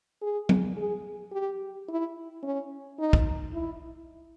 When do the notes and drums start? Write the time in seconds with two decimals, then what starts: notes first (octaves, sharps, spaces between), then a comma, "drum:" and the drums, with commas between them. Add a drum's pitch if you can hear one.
0.22 G#4
0.49 drum: tom F#3
0.77 G#4
1.32 G4
1.88 E4
2.43 C#4
2.99 D#4
3.13 drum: kick
3.54 E4